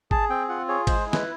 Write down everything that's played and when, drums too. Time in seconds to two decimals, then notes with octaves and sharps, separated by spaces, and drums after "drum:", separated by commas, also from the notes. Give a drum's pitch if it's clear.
0.11 G#4 A5, drum: kick G#1
0.30 C4 G5
0.49 F4 F#5
0.68 G#4 C#5
0.87 G#3 C5, drum: kick G#1, cymbal
1.06 E4
1.13 B4, drum: snare